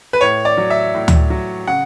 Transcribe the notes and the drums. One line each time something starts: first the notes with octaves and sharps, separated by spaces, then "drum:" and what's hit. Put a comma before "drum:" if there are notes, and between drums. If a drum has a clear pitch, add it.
B4
A2 C#5
D5
F#3
E5
A2
drum: tom D2
F#3
C#3 F#5